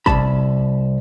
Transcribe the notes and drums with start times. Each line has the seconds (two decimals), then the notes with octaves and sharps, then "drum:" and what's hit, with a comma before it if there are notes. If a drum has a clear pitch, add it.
0.06 C2 F2 A5 B5, drum: kick